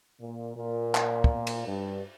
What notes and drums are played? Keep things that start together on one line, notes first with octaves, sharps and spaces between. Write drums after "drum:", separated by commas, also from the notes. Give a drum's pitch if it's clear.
A#2
A#2
drum: clap
drum: kick
drum: cymbal
G2